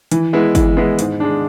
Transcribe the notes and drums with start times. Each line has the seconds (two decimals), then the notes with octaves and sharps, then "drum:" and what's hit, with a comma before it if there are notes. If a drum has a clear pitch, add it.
0.11 E3, drum: hi-hat
0.33 G#3 B3 E4
0.55 E3, drum: kick G1, hi-hat
0.77 G#3 B3 E4
0.99 G#2, drum: hi-hat
1.20 G#3 D4